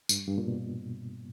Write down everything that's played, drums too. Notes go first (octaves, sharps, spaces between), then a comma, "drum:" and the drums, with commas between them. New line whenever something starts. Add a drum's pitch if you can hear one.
G2, drum: tambourine
G2
A#2
B2